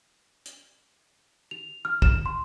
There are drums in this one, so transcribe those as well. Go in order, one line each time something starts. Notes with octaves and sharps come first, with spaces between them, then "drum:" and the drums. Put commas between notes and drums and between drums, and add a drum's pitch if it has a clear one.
drum: hi-hat
F7
F6
E7, drum: kick
C6